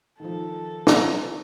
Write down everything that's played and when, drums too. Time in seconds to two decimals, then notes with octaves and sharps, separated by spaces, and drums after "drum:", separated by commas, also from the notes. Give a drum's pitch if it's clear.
0.20 D#3 F3 A4
0.87 drum: snare